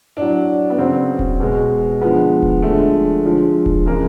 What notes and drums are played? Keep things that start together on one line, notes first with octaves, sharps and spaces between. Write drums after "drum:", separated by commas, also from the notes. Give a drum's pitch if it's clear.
A2 F#3 D4
B3
C#3 F#3 C4
drum: kick D#1
B2 G#3
D3 F3 G#3 B3
drum: kick D#1
D3 F3 G#3 A3
D3 F3 G#3
drum: kick D#1
C#3 F3 G#3 A#3